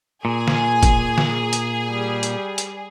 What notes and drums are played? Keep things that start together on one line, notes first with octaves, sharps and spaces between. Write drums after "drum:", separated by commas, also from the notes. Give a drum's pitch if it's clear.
A#2 G#4 G#5
drum: snare
drum: kick, hi-hat
drum: snare
drum: hi-hat
G3
drum: hi-hat
drum: hi-hat